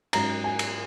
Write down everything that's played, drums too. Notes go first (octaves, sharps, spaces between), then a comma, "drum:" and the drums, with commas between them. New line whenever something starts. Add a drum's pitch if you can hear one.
G#2 F#3 C#4 A#5, drum: cymbal
G#5
drum: cymbal